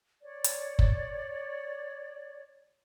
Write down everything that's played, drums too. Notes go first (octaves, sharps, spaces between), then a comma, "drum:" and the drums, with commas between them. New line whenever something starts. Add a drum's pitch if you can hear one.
C#5 D5
drum: hi-hat
drum: kick